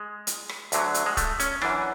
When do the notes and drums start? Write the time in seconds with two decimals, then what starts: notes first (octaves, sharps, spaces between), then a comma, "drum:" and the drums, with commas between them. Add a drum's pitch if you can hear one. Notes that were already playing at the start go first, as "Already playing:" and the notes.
Already playing: G#3
0.27 drum: hi-hat
0.49 drum: rim click
0.72 D2 D3 F#3, drum: hi-hat
0.94 drum: hi-hat
1.06 G#3
1.17 A3, drum: kick, hi-hat
1.40 C#4, drum: hi-hat
1.62 F#2 E3 D4, drum: rim click